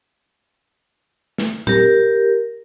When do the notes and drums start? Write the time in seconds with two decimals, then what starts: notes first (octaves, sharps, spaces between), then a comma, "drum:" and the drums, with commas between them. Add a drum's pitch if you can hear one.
1.38 drum: snare
1.67 G4 A#4, drum: tom